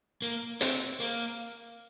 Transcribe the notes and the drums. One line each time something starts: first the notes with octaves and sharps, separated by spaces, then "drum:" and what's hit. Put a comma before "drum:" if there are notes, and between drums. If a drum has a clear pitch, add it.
A#3
C4, drum: hi-hat
A#3